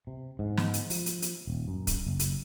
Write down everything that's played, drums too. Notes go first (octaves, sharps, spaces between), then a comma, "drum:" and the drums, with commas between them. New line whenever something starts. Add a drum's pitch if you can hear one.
C3
G#2
drum: snare
drum: hi-hat
F3, drum: open hi-hat
drum: hi-hat
drum: hi-hat
D#1
F#2
drum: kick, hi-hat
F#1
drum: hi-hat